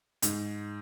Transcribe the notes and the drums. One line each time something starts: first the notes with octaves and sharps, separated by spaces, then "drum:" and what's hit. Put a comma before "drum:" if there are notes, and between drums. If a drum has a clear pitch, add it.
G#2, drum: hi-hat